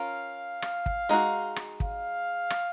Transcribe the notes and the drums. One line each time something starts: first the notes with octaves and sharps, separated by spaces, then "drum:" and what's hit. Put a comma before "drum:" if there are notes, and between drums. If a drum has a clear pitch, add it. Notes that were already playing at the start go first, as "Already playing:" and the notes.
Already playing: C#4 F4 A#4 F5
drum: rim click
drum: kick
G#3 D#4 F#4
drum: rim click
F5, drum: kick
drum: rim click